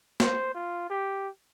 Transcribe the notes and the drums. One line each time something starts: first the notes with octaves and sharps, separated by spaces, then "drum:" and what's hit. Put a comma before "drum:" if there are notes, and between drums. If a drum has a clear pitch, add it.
C5, drum: snare
F4
G4